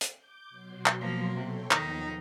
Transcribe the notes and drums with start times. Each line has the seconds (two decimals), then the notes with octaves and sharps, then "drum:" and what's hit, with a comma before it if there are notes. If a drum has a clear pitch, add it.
0.01 drum: hi-hat
0.14 D6 G6
0.50 B2 F#3 C6
0.86 drum: clap
1.01 F3 A#3
1.37 C3 A4 C#5 G5
1.71 D#2 D#3 F3 B3 D#4, drum: clap